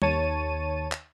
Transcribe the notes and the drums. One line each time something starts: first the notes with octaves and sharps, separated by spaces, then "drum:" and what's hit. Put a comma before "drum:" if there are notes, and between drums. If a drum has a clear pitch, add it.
D#2 C#5 A5 D#7, drum: tom
drum: clap